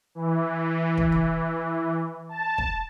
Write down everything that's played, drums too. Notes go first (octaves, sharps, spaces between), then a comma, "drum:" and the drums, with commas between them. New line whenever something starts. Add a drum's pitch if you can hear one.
E3
drum: kick
drum: tom
A5
drum: kick